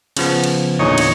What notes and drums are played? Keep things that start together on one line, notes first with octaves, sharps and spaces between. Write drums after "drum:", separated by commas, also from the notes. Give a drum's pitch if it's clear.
C#3 F3 B3, drum: cymbal
drum: cymbal
E2 A#2 D3 D#4 C#5
drum: cymbal